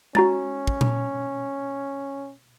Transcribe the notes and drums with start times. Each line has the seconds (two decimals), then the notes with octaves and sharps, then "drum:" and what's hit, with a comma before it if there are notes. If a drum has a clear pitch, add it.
0.15 C#4 F#4 A#5 A6, drum: tom G#3
0.67 drum: kick
0.81 drum: tom A#2